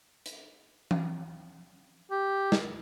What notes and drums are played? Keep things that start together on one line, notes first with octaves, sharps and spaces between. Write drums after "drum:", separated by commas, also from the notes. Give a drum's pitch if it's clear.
drum: hi-hat
drum: tom E3
G4
drum: snare